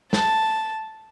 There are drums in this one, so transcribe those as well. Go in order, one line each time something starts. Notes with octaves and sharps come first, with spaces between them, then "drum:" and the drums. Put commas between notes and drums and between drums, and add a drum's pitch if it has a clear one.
A5, drum: snare